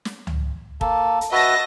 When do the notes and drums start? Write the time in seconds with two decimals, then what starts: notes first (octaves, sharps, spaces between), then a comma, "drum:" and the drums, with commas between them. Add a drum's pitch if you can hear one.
0.05 drum: snare
0.27 drum: tom C#2
0.81 A#3 A4, drum: kick
1.21 drum: hi-hat
1.32 F#4 B4 D#5 E5 A5 A#6